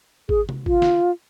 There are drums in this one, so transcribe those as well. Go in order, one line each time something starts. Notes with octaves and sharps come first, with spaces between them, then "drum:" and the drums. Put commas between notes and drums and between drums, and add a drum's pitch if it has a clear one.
G#4, drum: kick G#1
drum: tom C3
F4, drum: kick G#1
drum: snare